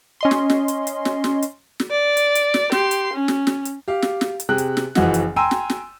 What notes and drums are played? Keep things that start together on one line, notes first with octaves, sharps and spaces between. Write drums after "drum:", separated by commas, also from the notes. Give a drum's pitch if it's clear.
C#4 D#5 C6
drum: snare
drum: snare
drum: hi-hat
drum: hi-hat
drum: snare
drum: snare
drum: hi-hat
drum: snare
D5
drum: hi-hat
drum: hi-hat
drum: snare
G4 C6, drum: snare
drum: hi-hat
C#4
drum: snare
drum: snare
drum: hi-hat
G4 F5
drum: snare
drum: snare
drum: hi-hat
C3 G#4 G5 F#6
drum: hi-hat
drum: snare
F#1 E3 F3 F#4 D#5 F#5, drum: snare
drum: hi-hat
G5 G#5 A#5 C6 E6 D#7
drum: snare
drum: snare